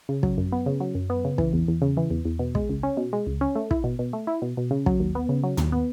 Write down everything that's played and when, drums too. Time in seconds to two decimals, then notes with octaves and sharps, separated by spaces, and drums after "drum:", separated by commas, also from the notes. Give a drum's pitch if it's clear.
0.09 C#3
0.23 F#3, drum: kick
0.38 F#2
0.52 B3
0.66 C#3
0.80 F#3
0.95 F#2
1.10 B3
1.24 C#3
1.38 E3, drum: kick
1.53 E2
1.68 E2
1.82 C#3
1.97 E3
2.10 E2
2.25 E2
2.39 B2
2.55 G#3, drum: kick
2.69 C#2
2.83 C#4
2.97 B2
3.13 G#3
3.27 C#2
3.41 C#4
3.56 A3
3.71 E4, drum: kick
3.84 B2
3.99 B2
4.13 A3
4.27 E4
4.42 B2
4.57 B2
4.71 C#3
4.86 F#3, drum: kick
5.00 D#2
5.15 B3
5.29 C#3
5.44 F#3
5.57 D#2, drum: tom
5.72 B3